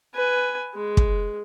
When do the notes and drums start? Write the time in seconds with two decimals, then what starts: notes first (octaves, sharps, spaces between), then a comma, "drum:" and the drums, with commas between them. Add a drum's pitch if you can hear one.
0.14 B4 G#5
0.74 G#3
0.97 drum: kick